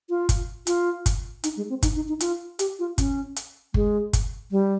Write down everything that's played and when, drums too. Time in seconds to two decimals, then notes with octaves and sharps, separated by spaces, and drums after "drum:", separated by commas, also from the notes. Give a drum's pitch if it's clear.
0.10 F4
0.29 drum: kick G1, hi-hat
0.67 F4, drum: hi-hat
1.06 drum: kick G1, hi-hat
1.44 D#4, drum: hi-hat
1.57 G#3
1.69 C4
1.83 D#4, drum: kick G1, hi-hat
1.96 D#4
2.09 D#4
2.20 F4, drum: hi-hat
2.59 G4, drum: hi-hat
2.79 F4
2.98 C#4, drum: kick G1, hi-hat
3.36 drum: hi-hat
3.74 G#3, drum: kick G1
4.13 drum: kick G1, hi-hat
4.51 G3